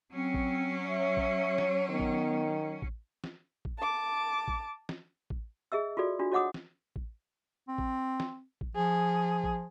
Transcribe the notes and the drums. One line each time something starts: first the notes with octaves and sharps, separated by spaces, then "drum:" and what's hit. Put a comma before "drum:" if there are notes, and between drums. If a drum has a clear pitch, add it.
F#3 C4 C#4
drum: kick A1
C#5 E5
drum: kick A1
drum: snare
D#3 B3
drum: kick A1
drum: kick A1
drum: snare
drum: kick A1
A5 D6
drum: kick A1
drum: snare
drum: kick A1
G#4 D#5 E5 E6
F4 F#4 A4 D5
D4 F4 F#4
F#4 C#5 D#5 F#5 D6 D#6
drum: snare
drum: kick A1
C4
drum: kick A1
drum: snare
drum: kick A1
F3 G#4
drum: kick A1